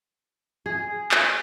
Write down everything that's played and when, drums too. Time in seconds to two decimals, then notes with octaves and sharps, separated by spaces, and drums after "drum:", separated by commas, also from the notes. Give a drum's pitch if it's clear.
0.66 G#4
1.11 drum: clap